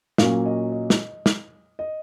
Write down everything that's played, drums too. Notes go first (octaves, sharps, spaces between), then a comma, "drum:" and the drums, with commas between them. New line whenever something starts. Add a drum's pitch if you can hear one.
A#2 F#3 A#3 C#4 F5, drum: snare
D#5
D#5
drum: snare
drum: snare
D#5